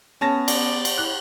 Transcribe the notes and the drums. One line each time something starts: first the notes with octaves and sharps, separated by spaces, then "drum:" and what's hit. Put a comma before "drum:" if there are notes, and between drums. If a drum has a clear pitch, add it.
B3 C#4 A5 A#6
D5, drum: cymbal
drum: cymbal
E4 F#6